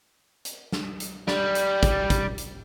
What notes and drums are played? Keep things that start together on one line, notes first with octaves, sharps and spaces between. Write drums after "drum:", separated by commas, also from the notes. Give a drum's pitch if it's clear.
drum: hi-hat
drum: snare
drum: hi-hat
G3, drum: snare
drum: hi-hat
drum: kick, hi-hat
drum: kick, hi-hat
drum: hi-hat